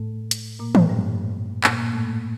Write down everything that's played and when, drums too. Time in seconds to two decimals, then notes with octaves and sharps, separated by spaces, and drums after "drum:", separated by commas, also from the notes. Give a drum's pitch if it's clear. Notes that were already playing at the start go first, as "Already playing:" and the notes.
Already playing: A2 A3
0.31 drum: hi-hat
0.59 A#2 A#3
0.75 A2 A3, drum: tom D#3
0.89 G2 G3
1.64 A#2 A#3, drum: clap
1.78 A#2 A#3
1.93 A2 A3